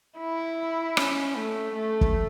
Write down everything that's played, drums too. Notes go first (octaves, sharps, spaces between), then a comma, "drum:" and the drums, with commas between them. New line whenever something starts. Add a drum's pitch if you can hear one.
E4
C#4, drum: rim click
A3
A3
drum: kick